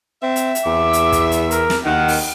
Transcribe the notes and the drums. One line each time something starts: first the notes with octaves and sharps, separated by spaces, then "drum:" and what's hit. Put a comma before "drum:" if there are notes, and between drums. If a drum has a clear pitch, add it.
C4 E5
drum: hi-hat
drum: hi-hat
E2 D6
drum: hi-hat
drum: kick, hi-hat
drum: hi-hat
A#4, drum: hi-hat
drum: snare
D#2 D#3 F#5
drum: open hi-hat